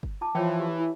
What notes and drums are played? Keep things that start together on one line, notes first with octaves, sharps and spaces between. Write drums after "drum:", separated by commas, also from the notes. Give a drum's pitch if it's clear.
drum: kick G1
F4 A5 D6
E3 F3 C#5 E5 G5
G4
E4